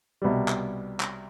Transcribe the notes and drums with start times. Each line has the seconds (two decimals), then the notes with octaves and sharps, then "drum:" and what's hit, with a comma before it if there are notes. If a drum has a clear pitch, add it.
0.22 C2 B2 G3
0.48 drum: clap
1.00 drum: clap